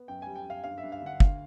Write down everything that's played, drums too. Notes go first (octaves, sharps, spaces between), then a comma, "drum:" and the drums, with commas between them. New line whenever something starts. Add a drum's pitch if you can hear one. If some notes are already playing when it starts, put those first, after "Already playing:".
Already playing: B3
F#2 G5
G3 G#5
G5
F#2 F5
G2 F5
E5
G2
F5
D3 F#5
D2 F5, drum: kick